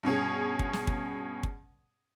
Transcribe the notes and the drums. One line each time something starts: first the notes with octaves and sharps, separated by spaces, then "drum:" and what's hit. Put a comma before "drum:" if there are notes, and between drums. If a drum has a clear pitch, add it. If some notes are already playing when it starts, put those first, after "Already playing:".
G2 B2 C#4 G#4
drum: kick
drum: snare
drum: kick
drum: kick